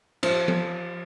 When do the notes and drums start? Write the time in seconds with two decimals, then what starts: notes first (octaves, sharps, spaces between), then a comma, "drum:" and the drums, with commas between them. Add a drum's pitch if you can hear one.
0.23 F3, drum: cymbal
0.48 drum: tom F3